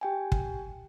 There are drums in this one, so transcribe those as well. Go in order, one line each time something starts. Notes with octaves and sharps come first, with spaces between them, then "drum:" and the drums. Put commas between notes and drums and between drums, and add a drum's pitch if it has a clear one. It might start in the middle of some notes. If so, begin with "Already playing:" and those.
G4 G5 G#5
drum: kick